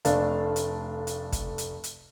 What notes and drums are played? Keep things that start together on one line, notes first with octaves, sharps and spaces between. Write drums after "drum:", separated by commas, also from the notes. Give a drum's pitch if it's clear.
F1 A3 D4 F5 A5, drum: hi-hat
drum: hi-hat
drum: hi-hat
drum: kick, hi-hat
drum: hi-hat
drum: hi-hat